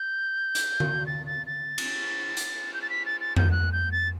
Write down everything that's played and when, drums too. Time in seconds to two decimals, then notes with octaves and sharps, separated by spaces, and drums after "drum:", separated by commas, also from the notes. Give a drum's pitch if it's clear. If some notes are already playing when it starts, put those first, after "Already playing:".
Already playing: G6
0.55 drum: hi-hat
0.80 drum: tom D3
1.06 A6
1.26 A6
1.47 A6
1.78 drum: cymbal
2.37 drum: hi-hat
2.74 G6
2.82 A6
2.90 B6
3.06 A6
3.21 A6
3.36 G6, drum: tom F2
3.51 F#6
3.72 G6
3.92 A6